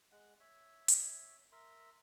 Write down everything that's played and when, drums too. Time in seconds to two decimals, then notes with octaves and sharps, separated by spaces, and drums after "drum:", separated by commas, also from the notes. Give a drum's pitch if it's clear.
0.12 G#3 F#5
0.40 C#5 E5
0.88 drum: hi-hat
1.52 A#4 E5 C6